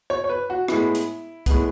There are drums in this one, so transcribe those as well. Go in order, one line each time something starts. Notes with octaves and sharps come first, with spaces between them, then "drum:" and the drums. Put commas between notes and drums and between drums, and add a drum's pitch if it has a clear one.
C#5
C#5
B4
F#4
A2 G#3 B3 E4, drum: rim click
drum: hi-hat
A2 G#3 B3, drum: kick C2, hi-hat